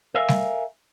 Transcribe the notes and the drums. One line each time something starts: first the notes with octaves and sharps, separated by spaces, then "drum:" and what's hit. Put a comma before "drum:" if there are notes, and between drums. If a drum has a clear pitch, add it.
A4 A#4 E5 F5 G#5
drum: snare G3